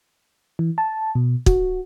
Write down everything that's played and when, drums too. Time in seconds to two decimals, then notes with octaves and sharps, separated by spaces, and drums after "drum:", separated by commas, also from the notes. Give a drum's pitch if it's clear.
0.59 E3
0.78 A5
1.15 B2
1.46 F#4, drum: kick